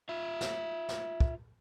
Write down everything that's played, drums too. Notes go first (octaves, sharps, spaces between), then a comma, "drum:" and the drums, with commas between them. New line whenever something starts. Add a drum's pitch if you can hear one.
F4 E5
drum: snare
drum: snare
drum: kick